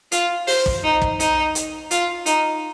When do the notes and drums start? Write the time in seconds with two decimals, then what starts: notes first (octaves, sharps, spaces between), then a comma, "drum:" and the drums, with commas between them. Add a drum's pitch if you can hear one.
0.12 F4, drum: hi-hat
0.47 C5, drum: open hi-hat
0.66 drum: kick
0.84 D#4
1.02 drum: kick
1.20 D#4, drum: hi-hat
1.55 drum: hi-hat
1.91 F4, drum: hi-hat
2.26 D#4, drum: hi-hat